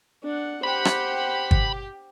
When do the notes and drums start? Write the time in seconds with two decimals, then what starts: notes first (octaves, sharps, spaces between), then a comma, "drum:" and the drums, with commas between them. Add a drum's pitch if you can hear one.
0.23 D4 F#5
0.63 G4 C5 F#5 B5
0.85 drum: rim click
1.51 drum: kick